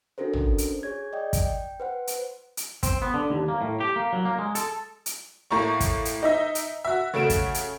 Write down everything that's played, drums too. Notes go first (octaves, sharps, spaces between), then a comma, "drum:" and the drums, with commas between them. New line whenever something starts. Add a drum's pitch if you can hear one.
C#4 D4 F#4 A4 A#4 C5
drum: tom
drum: hi-hat
G#4 C#5 G#6
D5 D#5 G5
drum: kick, hi-hat
G5
B4 C5 F#5
drum: hi-hat
drum: hi-hat
C4, drum: kick, hi-hat
B3
D3
D#2
A#3
A2
G4
A#3
F#3
A#3
G#3
A4, drum: hi-hat
drum: hi-hat
A2 A#3 A#5 C#6
drum: kick, hi-hat
drum: hi-hat
D#4 D#5 E5
drum: hi-hat
F#4 E5
C#3 A3 F#4 D7 E7
drum: kick, hi-hat
drum: hi-hat